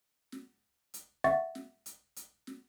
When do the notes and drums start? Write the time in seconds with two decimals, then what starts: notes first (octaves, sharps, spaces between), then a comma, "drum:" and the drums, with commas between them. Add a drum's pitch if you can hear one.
0.32 drum: snare
0.94 drum: hi-hat
1.24 E5 F#5 C#6 A6, drum: snare
1.55 drum: snare
1.86 drum: hi-hat
2.16 drum: hi-hat
2.47 drum: snare